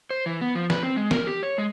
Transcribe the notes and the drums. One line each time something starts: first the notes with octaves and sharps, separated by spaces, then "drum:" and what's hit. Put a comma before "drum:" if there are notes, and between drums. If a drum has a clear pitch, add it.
C5
E3
B3
F3
B4, drum: snare
C4
G#3
A#4, drum: snare
G4
C#5
G#3